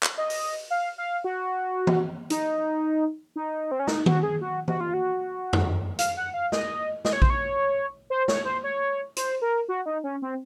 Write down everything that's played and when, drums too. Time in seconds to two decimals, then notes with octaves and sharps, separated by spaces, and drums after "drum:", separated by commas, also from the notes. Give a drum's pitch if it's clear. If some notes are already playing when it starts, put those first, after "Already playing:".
0.03 drum: clap
0.18 D#5
0.30 drum: open hi-hat
0.70 F5
0.98 F5
1.24 F#4
1.87 drum: tom E3
2.30 D#4, drum: hi-hat
3.36 D#4
3.71 C4
3.80 C#4
3.87 D#4, drum: snare
4.06 F#4, drum: tom D#3
4.23 G#4
4.41 F#4
4.68 F#4, drum: tom E3
4.80 F4
4.94 F#4
5.53 drum: tom F2
5.99 F5, drum: hi-hat
6.17 F#5
6.34 F5
6.52 D#5, drum: snare
7.05 D#5, drum: snare
7.13 C#5
7.22 C5, drum: kick A#1
7.30 C#5
8.10 C5
8.28 C#5, drum: snare
8.45 C5
8.64 C#5
9.16 C5, drum: hi-hat
9.42 A#4
9.69 F#4
9.86 D#4
10.04 C#4
10.22 C4